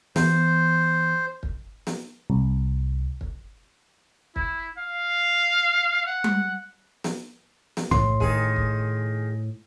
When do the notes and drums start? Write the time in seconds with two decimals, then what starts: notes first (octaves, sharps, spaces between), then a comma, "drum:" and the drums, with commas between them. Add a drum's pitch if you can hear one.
0.16 E3 B3 C5, drum: snare
1.43 drum: kick
1.87 drum: snare
2.30 C2
3.21 drum: kick
4.36 E4, drum: kick
4.78 F5
6.06 F#5
6.24 drum: tom G3
7.04 drum: snare
7.77 drum: snare
7.91 A2 C6, drum: tom B1
8.20 D#3 G#4, drum: kick
8.56 drum: kick